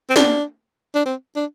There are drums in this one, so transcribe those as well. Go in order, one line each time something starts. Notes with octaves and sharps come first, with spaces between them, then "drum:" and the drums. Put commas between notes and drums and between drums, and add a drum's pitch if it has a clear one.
C4
D4, drum: snare
D4
C4
D4